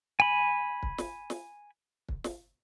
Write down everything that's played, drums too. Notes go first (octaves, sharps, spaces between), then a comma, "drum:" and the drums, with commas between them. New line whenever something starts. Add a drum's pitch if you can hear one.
G#5 B5
drum: kick
drum: snare
drum: snare
drum: kick
drum: snare